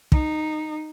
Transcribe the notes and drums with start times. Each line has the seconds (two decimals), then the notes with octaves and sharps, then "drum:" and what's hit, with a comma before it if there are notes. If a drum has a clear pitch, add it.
0.12 D#4, drum: kick